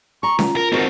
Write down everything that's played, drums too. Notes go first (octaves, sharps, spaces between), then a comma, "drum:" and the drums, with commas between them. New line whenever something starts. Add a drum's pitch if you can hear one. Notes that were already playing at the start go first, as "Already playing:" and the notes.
A#5 C#6
F4, drum: snare C#4
A#4
C4 D#4 F#4 A#4